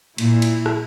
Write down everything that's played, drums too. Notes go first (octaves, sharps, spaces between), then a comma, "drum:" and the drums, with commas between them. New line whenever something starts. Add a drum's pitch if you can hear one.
A#2 E4, drum: cymbal
drum: cymbal
drum: rim click